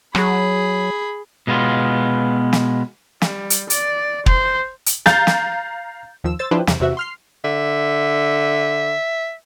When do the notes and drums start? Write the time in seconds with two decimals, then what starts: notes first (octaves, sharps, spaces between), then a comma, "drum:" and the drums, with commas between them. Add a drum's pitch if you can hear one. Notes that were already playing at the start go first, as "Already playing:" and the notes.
0.15 F#3 G#4 B5, drum: rim click
1.47 B2 G#3 B3 F4
2.53 drum: snare
3.22 G3, drum: snare
3.50 drum: hi-hat
3.70 D5, drum: hi-hat
4.26 C5, drum: kick
4.86 drum: hi-hat
5.06 F5 A#5 G6 A6, drum: snare
5.27 drum: snare
6.24 D#2 F3 E6
6.39 C5 E6 A6
6.51 F3 D4 E4 G4 B4 C5
6.67 E2 C3, drum: snare
6.80 E2 C3 F#4 E5
6.97 C6 F6 C7
7.44 D3 E5